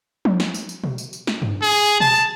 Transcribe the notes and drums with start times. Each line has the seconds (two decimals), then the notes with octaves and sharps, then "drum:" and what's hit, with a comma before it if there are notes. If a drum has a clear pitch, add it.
0.25 drum: tom F3
0.40 drum: snare
0.54 drum: tambourine
0.69 drum: tambourine
0.84 drum: tom B2
0.98 drum: tambourine
1.13 drum: tambourine
1.27 drum: snare
1.42 drum: tom G2
1.62 G#4
1.71 drum: tambourine
1.86 drum: tambourine
2.00 A5, drum: tom B2
2.15 drum: tambourine